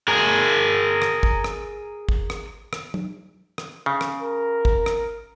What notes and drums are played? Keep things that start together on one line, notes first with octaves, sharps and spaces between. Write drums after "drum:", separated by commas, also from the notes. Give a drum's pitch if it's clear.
G#4 A#4
drum: rim click
drum: kick G#1
drum: rim click
drum: kick G#1
drum: rim click
drum: rim click
drum: tom
drum: rim click
C#3
drum: rim click
A#4
drum: kick G#1
drum: rim click